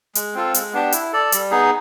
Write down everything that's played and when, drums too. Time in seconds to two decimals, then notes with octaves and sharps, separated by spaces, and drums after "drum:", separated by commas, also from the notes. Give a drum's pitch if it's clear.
0.15 G#3, drum: hi-hat
0.34 C4 F4 A4
0.54 G#3, drum: hi-hat
0.73 B3 D4 G4
0.92 E4, drum: hi-hat
1.13 A4 D5
1.32 G3, drum: hi-hat
1.51 B3 D#4 G#4